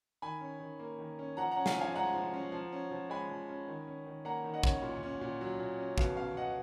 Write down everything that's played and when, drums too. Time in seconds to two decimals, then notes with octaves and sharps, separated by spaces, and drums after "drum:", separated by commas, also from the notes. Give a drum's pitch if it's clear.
0.22 D#3 G#5 B5
0.41 C#4
0.60 D#3
0.79 A#3
0.99 D#3
1.19 C#4
1.37 F3 F#5 A#5
1.51 C#4 F#5 A#5
1.66 F5 G#5, drum: snare
1.76 F3 F5 G#5
1.94 G#3 F#5 A#5
2.14 F3
2.33 C#4
2.52 F3
2.72 C#4
2.92 F3
3.10 G#3 G#5 B5
3.30 F3
3.49 C#4
3.68 D#3
3.87 C#4
4.06 D#3
4.25 A#3 F#5 A#5
4.44 D#3
4.54 D#5 F#5
4.63 C#4, drum: kick
4.82 A#2
5.03 C#4
5.21 A#2
5.41 F#3
5.59 A#2
5.78 C#4
5.98 B2 F5, drum: kick
6.17 C#4 F5
6.37 B2 D#5 F#5